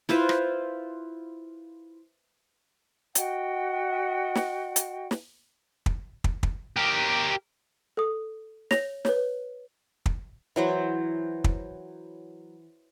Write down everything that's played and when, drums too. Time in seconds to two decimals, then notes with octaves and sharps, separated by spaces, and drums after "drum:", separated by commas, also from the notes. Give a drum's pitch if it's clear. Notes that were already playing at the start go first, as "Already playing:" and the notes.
0.09 E4 F4 B4 C5, drum: snare
0.29 drum: rim click
3.15 F#4 D#5 F#5 G5, drum: hi-hat
4.35 drum: snare
4.76 drum: hi-hat
5.11 drum: snare
5.86 drum: kick
6.24 drum: kick
6.43 drum: kick
6.77 G4 A#4
7.97 A4 D#6
8.71 C#5 A#6 F7, drum: snare
9.05 B4 C#5, drum: snare
10.06 drum: kick
10.56 E3 F#3 C5
11.44 drum: kick